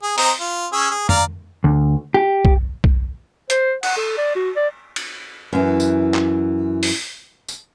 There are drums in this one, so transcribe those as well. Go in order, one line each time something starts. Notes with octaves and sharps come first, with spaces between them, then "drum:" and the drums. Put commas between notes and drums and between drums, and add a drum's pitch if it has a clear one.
G#4
C4 D#5 A#5, drum: open hi-hat
F4
C#4 G#4 E6
G#4
D5 F5 A#5, drum: tom F2
D2
G4
drum: kick B1
drum: kick B1
C5, drum: hi-hat
F#5, drum: cymbal
A4
D5
F#4
D5
drum: cymbal
F#2 E3
drum: tambourine
drum: clap
drum: open hi-hat
drum: tambourine